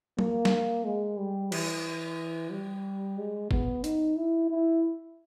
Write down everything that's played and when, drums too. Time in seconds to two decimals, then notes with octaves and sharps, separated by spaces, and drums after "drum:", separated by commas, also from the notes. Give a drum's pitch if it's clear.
0.19 A#3, drum: tom F#3
0.45 drum: snare
0.85 G#3
1.18 G3
1.52 E3, drum: cymbal
2.51 G3
3.18 G#3
3.51 B3, drum: kick G1
3.84 D#4, drum: hi-hat
4.17 E4
4.50 E4